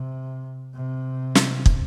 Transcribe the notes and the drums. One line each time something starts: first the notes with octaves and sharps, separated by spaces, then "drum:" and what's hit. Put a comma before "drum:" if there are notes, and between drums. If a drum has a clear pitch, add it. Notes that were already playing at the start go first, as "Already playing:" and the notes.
Already playing: C3
C3
drum: snare
drum: kick